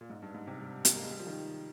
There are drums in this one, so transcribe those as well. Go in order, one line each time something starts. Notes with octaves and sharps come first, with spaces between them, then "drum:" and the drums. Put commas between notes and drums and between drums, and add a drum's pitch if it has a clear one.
A#2
G#2
G2
G#2
C3
G3
drum: hi-hat
A#3
G#3
G3
F3
D#3